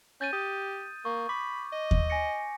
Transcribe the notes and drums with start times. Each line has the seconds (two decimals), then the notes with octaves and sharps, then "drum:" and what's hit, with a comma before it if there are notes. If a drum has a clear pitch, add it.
0.21 C#4 G6 A6 D#7
0.33 G4 D#6
1.05 A#3 C#6
1.29 B5 D6
1.72 D#5
1.91 drum: kick D#2
2.10 G#5 A#6 C#7